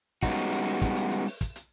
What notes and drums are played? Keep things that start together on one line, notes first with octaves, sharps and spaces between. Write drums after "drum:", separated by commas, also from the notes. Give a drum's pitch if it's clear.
G3 G#3 B3 C#4 D#4 F#4, drum: kick, hi-hat
drum: hi-hat
drum: hi-hat
drum: open hi-hat
drum: kick, hi-hat
drum: hi-hat
drum: hi-hat
drum: open hi-hat
drum: kick, hi-hat
drum: hi-hat